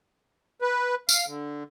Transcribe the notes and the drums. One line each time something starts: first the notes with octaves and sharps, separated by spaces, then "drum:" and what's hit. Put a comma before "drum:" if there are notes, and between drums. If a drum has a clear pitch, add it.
B4
F5, drum: tambourine
D3